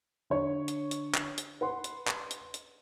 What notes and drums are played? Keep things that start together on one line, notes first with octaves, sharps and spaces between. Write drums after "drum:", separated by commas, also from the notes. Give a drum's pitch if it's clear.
D3 C#5
drum: hi-hat
drum: hi-hat
drum: clap
drum: hi-hat
B4 F#5 C6
drum: hi-hat
drum: clap
drum: hi-hat
drum: hi-hat